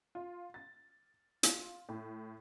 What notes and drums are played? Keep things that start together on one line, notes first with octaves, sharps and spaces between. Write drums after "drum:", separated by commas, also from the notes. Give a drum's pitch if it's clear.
F4
A6
F4, drum: hi-hat
A2